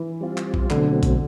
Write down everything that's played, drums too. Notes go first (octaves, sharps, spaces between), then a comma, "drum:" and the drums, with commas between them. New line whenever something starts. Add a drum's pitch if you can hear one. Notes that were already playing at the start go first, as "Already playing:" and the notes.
Already playing: E3
G3 C4 F4
drum: clap
drum: kick A#1
B2 D3 F#3 A3 C4, drum: clap
drum: kick A#1, hi-hat